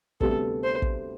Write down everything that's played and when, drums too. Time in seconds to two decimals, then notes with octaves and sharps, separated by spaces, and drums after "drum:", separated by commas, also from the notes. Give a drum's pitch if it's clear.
0.21 D2 C3 G3 B3 A4, drum: kick
0.64 C5
0.82 drum: kick